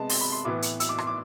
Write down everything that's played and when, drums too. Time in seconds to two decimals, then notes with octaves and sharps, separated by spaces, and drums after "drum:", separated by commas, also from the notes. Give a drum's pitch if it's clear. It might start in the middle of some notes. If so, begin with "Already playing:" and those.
Already playing: C3 G#3 B3 A5
0.09 C6, drum: open hi-hat
0.21 B5
0.32 C6
0.45 A2 E3 B3 D6
0.62 drum: hi-hat
0.80 E6, drum: hi-hat
0.89 D6
0.98 C6, drum: rim click
1.07 D6